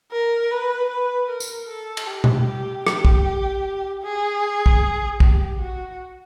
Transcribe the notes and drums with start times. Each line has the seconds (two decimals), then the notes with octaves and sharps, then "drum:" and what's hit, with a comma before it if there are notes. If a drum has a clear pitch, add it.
0.12 A#4
0.51 B4
0.89 B4
1.29 A#4
1.40 drum: tambourine
1.68 A4
1.97 drum: cymbal
2.07 G4
2.24 drum: tom
2.47 G4
2.87 G4, drum: rim click
3.05 drum: kick
4.03 G#4
4.66 drum: kick
5.20 G4, drum: kick
5.60 F#4